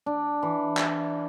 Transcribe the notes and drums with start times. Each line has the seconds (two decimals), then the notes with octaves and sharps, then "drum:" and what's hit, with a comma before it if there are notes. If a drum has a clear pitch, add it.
0.06 D4
0.43 E3
0.77 drum: clap